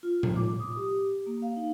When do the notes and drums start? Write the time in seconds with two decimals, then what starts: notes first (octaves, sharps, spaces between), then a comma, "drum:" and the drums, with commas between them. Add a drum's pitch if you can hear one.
0.03 F4
0.23 drum: tom A2
0.36 D6
0.60 D#6
0.77 G4
1.26 A#3
1.42 F5
1.56 D#4